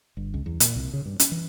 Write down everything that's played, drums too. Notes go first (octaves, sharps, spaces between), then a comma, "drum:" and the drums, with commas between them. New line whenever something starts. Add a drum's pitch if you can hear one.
G1
C#2
E2
A#2, drum: hi-hat
C2
C#3
G2
C#4, drum: hi-hat
E3